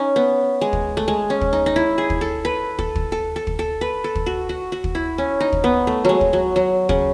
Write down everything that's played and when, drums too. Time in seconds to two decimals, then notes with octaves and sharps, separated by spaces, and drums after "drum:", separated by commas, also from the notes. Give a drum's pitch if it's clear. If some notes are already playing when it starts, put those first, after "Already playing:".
Already playing: C#4 D#4
0.16 B3
0.61 G#3
0.73 drum: kick
0.97 A3
1.08 G#3
1.30 C#4
1.41 drum: kick
1.53 D#4
1.66 D#4
1.76 E4
1.98 G#4
2.10 drum: kick
2.21 A4
2.45 B4
2.79 A4, drum: kick
2.96 drum: kick
3.12 A4
3.36 A4
3.47 drum: kick
3.59 A4
3.81 B4
4.04 A4
4.15 drum: kick
4.26 F#4
4.49 F#4
4.72 F#4
4.84 drum: kick
4.95 E4
5.18 C#4
5.40 D#4
5.52 drum: kick
5.64 B3
5.87 A3
6.05 F#3 G#3
6.21 drum: kick
6.33 F#3
6.56 F#3
6.89 C#3, drum: kick